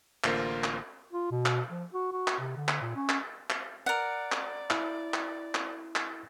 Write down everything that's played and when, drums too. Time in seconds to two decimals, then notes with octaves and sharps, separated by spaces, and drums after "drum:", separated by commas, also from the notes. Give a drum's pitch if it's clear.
0.24 A1 D3 A#3 F4 A#4 C5, drum: clap
0.64 drum: clap
1.13 F4
1.31 B2
1.46 drum: clap
1.69 F3
1.94 F#4
2.12 F#4
2.28 drum: clap
2.39 C3
2.56 D3
2.68 drum: clap
2.82 A#2
2.96 C#4
3.09 drum: clap
3.50 drum: clap
3.86 A#4 D5 F#5
4.32 drum: clap
4.70 E4, drum: clap
5.14 drum: clap
5.55 drum: clap
5.96 drum: clap